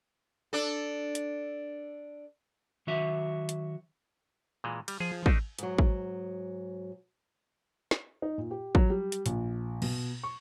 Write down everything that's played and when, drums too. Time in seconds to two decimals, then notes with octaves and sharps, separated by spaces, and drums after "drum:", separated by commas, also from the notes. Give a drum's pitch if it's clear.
0.53 D4 A4
1.15 drum: hi-hat
2.87 D#3 F#3 F#4 E5
3.49 drum: hi-hat
4.64 A#2 E3 G#3
4.88 G3, drum: cymbal
5.00 F3 G#4
5.26 A3 D4 D#4, drum: kick
5.59 G#2 F#3, drum: hi-hat
5.78 drum: kick
7.91 drum: snare
8.22 D#4
8.38 A#2
8.51 G4
8.75 F#3, drum: kick
8.90 G3
9.12 drum: hi-hat
9.26 A#1, drum: hi-hat
9.82 B2, drum: cymbal
10.23 C#6